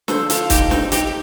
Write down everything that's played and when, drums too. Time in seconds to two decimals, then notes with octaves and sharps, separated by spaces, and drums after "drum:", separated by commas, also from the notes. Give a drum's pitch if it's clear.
0.08 D3 F3 A3 A4 C5, drum: snare
0.30 F4 A4, drum: hi-hat
0.50 D#4 G4, drum: kick C#1, hi-hat
0.71 C4 D#4, drum: snare
0.92 D#4 G4, drum: hi-hat
1.07 G4